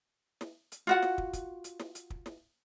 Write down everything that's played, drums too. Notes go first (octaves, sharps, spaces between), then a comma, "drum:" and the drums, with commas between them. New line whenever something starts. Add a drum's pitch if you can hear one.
drum: snare
drum: hi-hat
F4 F#4 F#5
drum: snare
drum: kick
drum: kick, hi-hat
drum: hi-hat
drum: snare
drum: hi-hat
drum: kick
drum: snare